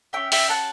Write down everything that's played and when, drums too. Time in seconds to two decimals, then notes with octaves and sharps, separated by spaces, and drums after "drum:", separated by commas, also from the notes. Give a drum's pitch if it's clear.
0.13 C#4 G4 E5 G5
0.32 E5 G5, drum: open hi-hat
0.49 F#5 A5